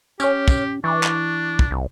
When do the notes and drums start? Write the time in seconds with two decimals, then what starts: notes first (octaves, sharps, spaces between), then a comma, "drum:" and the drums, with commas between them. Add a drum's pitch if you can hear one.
0.20 C#4 G4 C#5 F6, drum: tambourine
0.48 drum: kick, tambourine
0.84 E3 D4 C#6 D6
1.03 drum: clap
1.59 drum: kick
1.71 C2